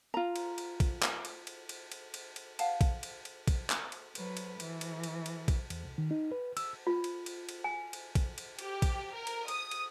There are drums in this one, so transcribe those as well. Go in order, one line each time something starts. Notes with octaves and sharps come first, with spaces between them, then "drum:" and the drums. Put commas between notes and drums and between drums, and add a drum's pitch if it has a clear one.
F4 A#5
drum: cymbal
drum: cymbal
drum: kick A#1, cymbal
drum: clap
drum: cymbal
drum: cymbal
drum: cymbal
drum: cymbal
drum: cymbal
drum: cymbal
F5 F#5 A5, drum: cymbal
drum: kick A#1, cymbal
drum: cymbal
drum: cymbal
drum: kick A#1, cymbal
drum: clap
drum: cymbal
F#3 B4, drum: cymbal
drum: cymbal
E3, drum: cymbal
drum: cymbal
drum: cymbal
drum: cymbal
drum: kick A#1, cymbal
E2, drum: cymbal
C2
D#3
D#4
B4
E6, drum: cymbal
F4
drum: cymbal
drum: cymbal
drum: cymbal
G#5
drum: cymbal
drum: kick A#1, cymbal
drum: cymbal
G4, drum: cymbal
drum: kick A#1, cymbal
A#4
drum: cymbal
D#6, drum: cymbal
drum: cymbal